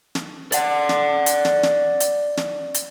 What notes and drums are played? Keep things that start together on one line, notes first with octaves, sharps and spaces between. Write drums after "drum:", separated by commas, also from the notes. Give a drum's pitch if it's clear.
drum: snare
D5 F#5, drum: hi-hat
drum: snare
drum: hi-hat
drum: snare
drum: snare
drum: hi-hat
drum: snare
drum: hi-hat